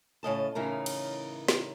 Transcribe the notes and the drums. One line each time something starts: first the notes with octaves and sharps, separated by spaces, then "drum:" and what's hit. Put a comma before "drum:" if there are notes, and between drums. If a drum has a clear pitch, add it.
A2 C#3 D#5 A5
A2 C#3 E3 D#4 A#4
drum: cymbal
drum: snare